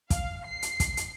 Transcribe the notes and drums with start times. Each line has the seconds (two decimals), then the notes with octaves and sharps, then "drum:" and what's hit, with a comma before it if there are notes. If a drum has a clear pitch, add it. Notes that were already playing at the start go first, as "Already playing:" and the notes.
0.10 F5, drum: kick, hi-hat
0.46 C7
0.62 drum: hi-hat
0.80 drum: kick, hi-hat
0.97 drum: hi-hat